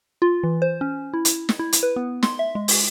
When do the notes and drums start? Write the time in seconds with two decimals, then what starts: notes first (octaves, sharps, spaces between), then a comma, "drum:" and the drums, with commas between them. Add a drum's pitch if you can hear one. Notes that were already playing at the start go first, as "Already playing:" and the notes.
0.22 F4
0.43 E3
0.62 C5
0.81 C#4
1.14 E4
1.25 drum: hi-hat
1.49 drum: snare
1.59 E4
1.73 drum: hi-hat
1.83 B4
1.96 B3
2.23 C6, drum: snare
2.39 E5
2.55 G#3
2.68 drum: open hi-hat